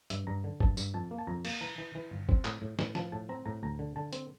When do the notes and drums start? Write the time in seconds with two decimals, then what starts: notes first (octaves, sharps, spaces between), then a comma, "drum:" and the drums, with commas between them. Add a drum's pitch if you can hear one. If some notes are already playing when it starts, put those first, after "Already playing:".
0.10 G2 E5, drum: hi-hat
0.27 G2 A#5
0.44 D3
0.60 G2 A5, drum: kick G1
0.77 G2, drum: tambourine
0.94 F2 A5
1.11 A#3
1.18 A5
1.27 F2 A#5
1.45 A#3, drum: cymbal
1.61 E3 A#5
1.78 E3
1.95 E3
2.11 G1
2.29 C4, drum: kick G1
2.45 A2, drum: clap
2.62 A2
2.79 A2, drum: snare
2.95 F3 A5, drum: snare
3.12 A2 A5
3.29 C4 A#5
3.46 A2 A#5
3.63 D2 A#5
3.79 D3
3.96 D3 A5
4.13 C4, drum: hi-hat